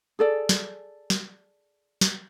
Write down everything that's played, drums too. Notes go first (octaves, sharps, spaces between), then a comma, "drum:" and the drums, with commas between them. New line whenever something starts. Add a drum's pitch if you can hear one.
G#4 A4 D5
drum: snare
drum: snare
drum: snare